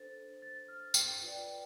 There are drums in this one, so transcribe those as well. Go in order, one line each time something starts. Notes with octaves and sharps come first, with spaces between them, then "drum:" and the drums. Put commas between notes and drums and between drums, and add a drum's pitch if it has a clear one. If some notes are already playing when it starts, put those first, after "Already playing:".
Already playing: D4 A4 C5 A6
A6
F6
G5, drum: tambourine
F4 B4 D5 G5